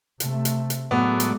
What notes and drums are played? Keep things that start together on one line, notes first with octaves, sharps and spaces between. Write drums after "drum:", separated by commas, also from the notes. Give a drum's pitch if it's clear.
C3 A3, drum: hi-hat
drum: hi-hat
drum: hi-hat
A2 F#3 G#3 B3 D5
drum: hi-hat